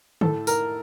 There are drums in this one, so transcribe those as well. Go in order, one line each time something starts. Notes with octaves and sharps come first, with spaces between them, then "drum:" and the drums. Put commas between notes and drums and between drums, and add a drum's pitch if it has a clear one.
A2 A4, drum: tom D3
A#4, drum: tambourine